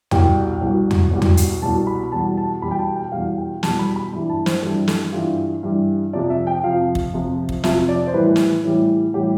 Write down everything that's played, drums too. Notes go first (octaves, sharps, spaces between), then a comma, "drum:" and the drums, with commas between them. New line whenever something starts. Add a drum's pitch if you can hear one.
C2 B2 G3 G5, drum: tom E2
C2 B2 G3
drum: tom E2
C2 B2 G3
drum: tom E2
drum: hi-hat
C2 B2 G3 A5
B5
E2 B2 G3 A5
A5
E2 B2 G3 B5
G5
A5
G5
E2 B2 G3 F5
G5
E2 B2 G3 A5, drum: snare
B5
B5
G2 E3 G3 B5
A5
C5, drum: snare
G2 E3 G3 A4
A4, drum: snare
G2 E3 G3 F4
G2 E3 G3
F2 C3 F3 D5
E5
G5
F2 C3 F3 F5
drum: kick
F2 C3 F3
drum: kick
F2 C3 F3 E5, drum: snare
D5
C5
A2 E3 G3 B4
drum: snare
A2 E3 G3
A2 E3 G3 G4